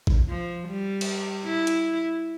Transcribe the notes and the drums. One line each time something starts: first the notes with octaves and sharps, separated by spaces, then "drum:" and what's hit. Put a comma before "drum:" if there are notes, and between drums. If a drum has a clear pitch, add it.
drum: kick
F3
G3
drum: cymbal
E4
drum: hi-hat